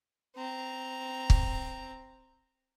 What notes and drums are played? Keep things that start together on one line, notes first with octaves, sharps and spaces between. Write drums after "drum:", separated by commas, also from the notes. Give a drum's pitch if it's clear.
C4 A#5
drum: kick